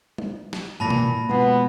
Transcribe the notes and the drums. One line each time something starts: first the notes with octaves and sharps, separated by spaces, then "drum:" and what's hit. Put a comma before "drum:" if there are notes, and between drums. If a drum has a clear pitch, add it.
drum: tom G3
drum: snare
A#2 E3 A#3 A5 B5 A#6
drum: tom B2
B2 F3 G#3 B3 F4